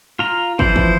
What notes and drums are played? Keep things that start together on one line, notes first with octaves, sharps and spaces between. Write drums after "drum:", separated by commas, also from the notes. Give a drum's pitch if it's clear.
F4 A#5
E3 F3 C5, drum: kick
drum: kick